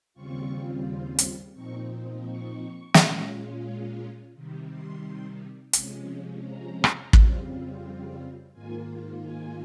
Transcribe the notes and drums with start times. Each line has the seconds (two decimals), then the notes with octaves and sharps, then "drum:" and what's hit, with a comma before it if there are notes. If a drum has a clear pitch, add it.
0.14 D#2 C#3 G3 C4 F4 C#6
1.19 drum: hi-hat
1.54 A#2 F3 C4 D#4 C#6
2.24 C#6
2.94 A#2 G#3 C#4 F4, drum: snare
4.34 C3 D#3 G3
4.69 C6
5.73 C3 F3 G#3 C#4, drum: hi-hat
6.44 A#5
6.84 drum: rim click
7.13 F2 C#3 G3 C4 F4, drum: kick
8.53 G#2 D#3 A#3 F4 G#5
9.23 G#5